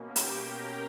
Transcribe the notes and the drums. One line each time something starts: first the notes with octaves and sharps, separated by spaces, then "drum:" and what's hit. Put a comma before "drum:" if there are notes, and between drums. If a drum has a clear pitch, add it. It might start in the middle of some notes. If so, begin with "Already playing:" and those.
Already playing: B2 A#3 C#4
G4 G5, drum: hi-hat
A#4 A#5